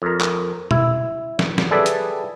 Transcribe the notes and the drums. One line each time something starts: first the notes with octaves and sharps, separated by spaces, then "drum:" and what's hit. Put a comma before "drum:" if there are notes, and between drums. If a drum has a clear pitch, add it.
F2 A#4
drum: clap
E4, drum: tom B2
drum: snare
drum: snare
G3 G#4 A4 B4 D5 E5
drum: hi-hat